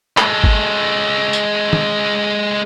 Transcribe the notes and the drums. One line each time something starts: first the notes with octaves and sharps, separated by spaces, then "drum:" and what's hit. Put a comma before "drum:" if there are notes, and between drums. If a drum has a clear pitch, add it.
G#3 A4, drum: clap
drum: kick G#1
drum: tambourine
drum: tom